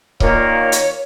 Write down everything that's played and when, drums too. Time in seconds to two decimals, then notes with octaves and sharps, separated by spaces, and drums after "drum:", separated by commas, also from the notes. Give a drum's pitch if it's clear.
0.20 A#2 D#3 A#3 C#5, drum: kick C#1
0.72 drum: hi-hat